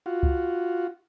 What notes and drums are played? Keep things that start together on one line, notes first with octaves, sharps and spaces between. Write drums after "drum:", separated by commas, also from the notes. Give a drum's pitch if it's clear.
F4 F#4
drum: kick